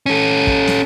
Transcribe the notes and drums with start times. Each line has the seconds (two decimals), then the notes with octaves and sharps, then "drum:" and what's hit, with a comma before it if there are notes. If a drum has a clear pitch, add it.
0.06 C#4 A4
0.47 drum: kick
0.67 drum: snare